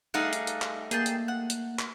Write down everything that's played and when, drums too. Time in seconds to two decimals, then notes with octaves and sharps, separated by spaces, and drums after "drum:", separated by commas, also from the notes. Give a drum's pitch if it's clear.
0.14 G3 A3 D#4 G#4 F5 F#5
0.33 drum: hi-hat
0.47 drum: hi-hat
0.62 drum: clap
0.91 A#3 G#4 G5 A5, drum: hi-hat
1.06 drum: hi-hat
1.28 F#5
1.50 drum: hi-hat
1.79 drum: clap